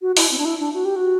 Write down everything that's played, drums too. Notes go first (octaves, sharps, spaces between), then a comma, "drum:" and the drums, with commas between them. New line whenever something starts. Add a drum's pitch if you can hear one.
F#4
E4, drum: open hi-hat
C4
D4
E4
D4
F#4
G4
F#4